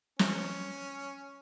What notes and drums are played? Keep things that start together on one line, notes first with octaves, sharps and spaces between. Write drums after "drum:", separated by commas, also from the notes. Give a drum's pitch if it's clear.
C#4, drum: snare